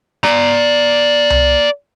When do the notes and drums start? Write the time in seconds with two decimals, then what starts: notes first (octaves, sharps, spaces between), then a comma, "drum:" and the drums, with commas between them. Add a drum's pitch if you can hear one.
0.23 D5 A#5, drum: rim click
1.30 drum: tom C2